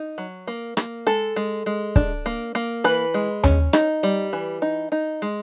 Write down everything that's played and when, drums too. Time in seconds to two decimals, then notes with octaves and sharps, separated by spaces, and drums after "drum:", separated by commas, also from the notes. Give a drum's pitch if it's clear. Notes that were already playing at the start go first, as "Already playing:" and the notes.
Already playing: D#4
0.18 F#3
0.47 A#3
0.77 A#3, drum: rim click
1.07 G#3 A4
1.36 G#3
1.66 G#3
1.96 D4, drum: kick
2.26 A#3
2.55 A#3
2.84 E3 B4
3.14 G#3
3.43 C#4, drum: tom D#2
3.73 D#4, drum: rim click
4.03 G3
4.33 E3
4.62 D#4
4.92 D#4
5.22 G#3